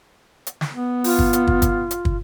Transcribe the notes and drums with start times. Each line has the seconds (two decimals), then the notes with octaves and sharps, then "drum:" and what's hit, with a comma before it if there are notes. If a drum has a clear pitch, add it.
0.47 drum: hi-hat
0.61 drum: snare
0.72 B3
1.04 F4, drum: open hi-hat
1.19 drum: kick
1.33 drum: hi-hat
1.47 drum: kick
1.62 drum: kick, hi-hat
1.91 drum: hi-hat
2.05 drum: kick